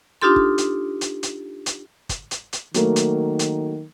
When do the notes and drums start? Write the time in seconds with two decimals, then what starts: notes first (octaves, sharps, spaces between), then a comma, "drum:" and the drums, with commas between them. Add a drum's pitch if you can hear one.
0.22 D4 D#4 F4 G4 A4 C6
0.36 drum: kick
0.58 drum: hi-hat
1.01 drum: hi-hat
1.23 drum: hi-hat
1.66 drum: hi-hat
2.09 drum: kick, hi-hat
2.31 drum: hi-hat
2.53 drum: hi-hat
2.74 D#3 F#3 A3 A#3, drum: hi-hat
2.96 drum: hi-hat
3.39 drum: hi-hat